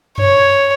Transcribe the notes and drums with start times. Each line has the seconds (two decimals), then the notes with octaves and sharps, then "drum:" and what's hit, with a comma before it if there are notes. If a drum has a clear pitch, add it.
0.18 C#5, drum: tom F#2